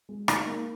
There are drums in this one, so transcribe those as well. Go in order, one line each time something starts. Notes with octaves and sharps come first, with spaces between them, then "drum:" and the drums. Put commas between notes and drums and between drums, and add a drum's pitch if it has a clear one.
G#3
D#3 D#4, drum: rim click
A#3